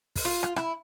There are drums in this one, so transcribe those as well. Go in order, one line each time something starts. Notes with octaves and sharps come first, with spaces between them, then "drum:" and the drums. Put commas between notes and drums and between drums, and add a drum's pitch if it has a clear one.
drum: kick, open hi-hat
F4
drum: rim click
E4, drum: rim click